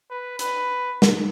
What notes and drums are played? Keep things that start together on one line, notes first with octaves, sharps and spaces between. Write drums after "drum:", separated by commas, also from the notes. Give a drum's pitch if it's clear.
B4
B4, drum: hi-hat
drum: snare